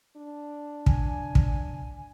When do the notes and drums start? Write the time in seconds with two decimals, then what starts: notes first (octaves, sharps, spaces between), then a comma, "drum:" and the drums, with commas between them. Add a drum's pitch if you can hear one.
0.16 D4
0.86 G#5, drum: kick
1.35 drum: kick